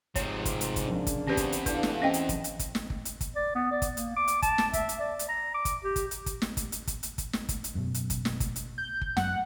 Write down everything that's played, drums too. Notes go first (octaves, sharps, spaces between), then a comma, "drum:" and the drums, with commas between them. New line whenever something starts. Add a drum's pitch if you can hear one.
G#2 C3 F3 C#5, drum: kick, hi-hat
drum: kick, hi-hat
drum: hi-hat
drum: kick, hi-hat
C#3 A#3 D4
drum: kick, hi-hat
E2 C4 C#4 G4 B4
drum: kick, hi-hat
drum: hi-hat
E3 D4 A4 B4 F5, drum: kick, hi-hat
drum: snare
C4 C#4 D#5 G5
drum: hi-hat
drum: kick, hi-hat
drum: hi-hat
drum: kick, hi-hat
drum: snare
drum: kick
drum: hi-hat
drum: kick, hi-hat
D5
B3
D5
drum: kick, hi-hat
A#3, drum: hi-hat
D6
drum: hi-hat
A5, drum: kick, hi-hat
drum: snare
E5, drum: kick, hi-hat
drum: hi-hat
D5
drum: hi-hat
A#5
D6
drum: kick, hi-hat
G4
drum: kick, hi-hat
drum: hi-hat
drum: kick, hi-hat
drum: snare
drum: kick, hi-hat
drum: hi-hat
drum: kick, hi-hat
drum: hi-hat
drum: kick, hi-hat
drum: snare
drum: kick, hi-hat
drum: hi-hat
F#2 B2
drum: hi-hat
drum: kick, hi-hat
drum: snare
drum: kick, hi-hat
drum: hi-hat
G6
drum: kick
F#2 F#5, drum: snare